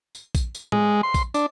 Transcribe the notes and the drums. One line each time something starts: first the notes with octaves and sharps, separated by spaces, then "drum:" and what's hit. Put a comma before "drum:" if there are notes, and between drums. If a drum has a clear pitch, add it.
drum: tambourine
drum: kick A#1, tambourine
drum: tambourine
G#3, drum: tom
C6
drum: kick A#1, tambourine
D4, drum: tambourine